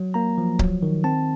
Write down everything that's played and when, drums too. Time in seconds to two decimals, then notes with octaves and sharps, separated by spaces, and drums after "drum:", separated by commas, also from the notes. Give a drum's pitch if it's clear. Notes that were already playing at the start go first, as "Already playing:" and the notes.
Already playing: F#3
0.14 A#3 A#5
0.38 F3
0.59 F#3, drum: kick C#1
0.83 D#3
1.04 C4 A5